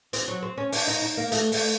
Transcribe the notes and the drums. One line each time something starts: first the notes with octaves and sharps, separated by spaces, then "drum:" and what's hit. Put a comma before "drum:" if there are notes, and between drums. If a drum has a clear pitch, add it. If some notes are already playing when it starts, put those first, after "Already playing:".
C4, drum: hi-hat
F#3
C4
C#4
D4, drum: open hi-hat
D#4
D#4
A#3
A3, drum: hi-hat
A3, drum: open hi-hat